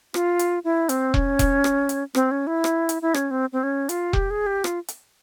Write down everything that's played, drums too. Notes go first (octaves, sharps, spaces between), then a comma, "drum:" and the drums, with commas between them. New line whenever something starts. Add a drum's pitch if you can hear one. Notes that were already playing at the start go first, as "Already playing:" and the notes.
F4, drum: rim click
drum: hi-hat
E4
C4, drum: hi-hat
C#4, drum: kick E1
drum: kick E1, hi-hat
drum: rim click
drum: hi-hat
C4, drum: rim click
C#4
E4
drum: rim click
drum: hi-hat
E4
C#4, drum: rim click
C4
C4
C#4
F4, drum: hi-hat
G4, drum: kick E1
G#4
G4
F4, drum: rim click
drum: hi-hat